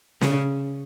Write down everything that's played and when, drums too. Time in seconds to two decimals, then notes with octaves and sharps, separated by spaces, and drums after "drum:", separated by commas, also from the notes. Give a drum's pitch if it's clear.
0.21 C#3, drum: snare